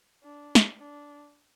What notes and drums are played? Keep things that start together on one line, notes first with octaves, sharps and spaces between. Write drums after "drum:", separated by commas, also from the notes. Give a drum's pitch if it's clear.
D4
drum: snare
D4